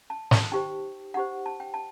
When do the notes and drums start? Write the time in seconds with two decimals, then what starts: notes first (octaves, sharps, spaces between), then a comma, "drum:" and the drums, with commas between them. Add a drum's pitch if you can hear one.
0.10 A5
0.31 A5, drum: snare
0.52 D#4 G4 C5 G5
1.14 D#4 G4 C5 F#5
1.46 A5
1.60 G5
1.74 A5